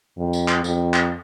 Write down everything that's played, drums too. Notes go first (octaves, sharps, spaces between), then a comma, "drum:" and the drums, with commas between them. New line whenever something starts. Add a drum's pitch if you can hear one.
F2
drum: tambourine
drum: clap
F2, drum: tambourine
drum: clap